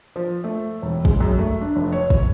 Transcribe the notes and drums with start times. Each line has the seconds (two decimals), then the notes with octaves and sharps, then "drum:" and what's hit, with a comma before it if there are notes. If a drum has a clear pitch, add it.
0.16 F3
0.44 A3
0.82 E1
1.05 G#3, drum: kick
1.20 F#2
1.39 A3
1.61 D4
1.76 F1
1.92 C#5
2.10 drum: kick